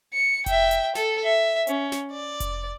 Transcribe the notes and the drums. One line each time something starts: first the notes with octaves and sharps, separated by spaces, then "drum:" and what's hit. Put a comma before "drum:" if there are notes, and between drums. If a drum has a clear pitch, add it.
C#7
E5 G5, drum: kick F1, hi-hat
drum: hi-hat
A4, drum: snare
E5
C#4, drum: hi-hat
drum: snare
D5
drum: kick F1, hi-hat